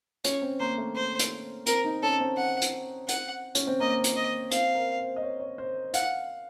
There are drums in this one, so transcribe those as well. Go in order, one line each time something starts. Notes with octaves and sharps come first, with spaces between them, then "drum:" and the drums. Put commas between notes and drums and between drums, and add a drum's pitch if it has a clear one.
C#4 C#5, drum: hi-hat
C4
A#3 C5
A3
C5
drum: hi-hat
C4 A#4, drum: hi-hat
D#4
C#4 A4
C4
F#5
drum: hi-hat
F#5, drum: hi-hat
C#4, drum: hi-hat
C4
A#3 D#5
drum: hi-hat
D#5
C4 F5, drum: hi-hat
A#4
C5
D#5
C#5
C#5
C5
F5 F#5, drum: hi-hat